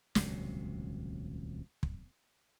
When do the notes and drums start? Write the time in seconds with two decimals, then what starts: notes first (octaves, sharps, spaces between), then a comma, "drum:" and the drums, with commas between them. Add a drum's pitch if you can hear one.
0.15 D#1 C#2 C3 F#3, drum: snare
1.83 drum: kick